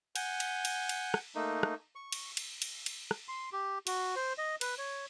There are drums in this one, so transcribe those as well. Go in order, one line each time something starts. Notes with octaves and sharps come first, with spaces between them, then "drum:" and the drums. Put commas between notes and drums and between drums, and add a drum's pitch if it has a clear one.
F#5 G#5 G6, drum: cymbal
drum: cymbal
drum: cymbal
drum: cymbal
drum: rim click
A3 A#3 D#4
drum: rim click
C#6
drum: cymbal
drum: cymbal
drum: cymbal
drum: cymbal
drum: rim click
C6
G4
F#4, drum: cymbal
C5
D#5
B4, drum: cymbal
C#5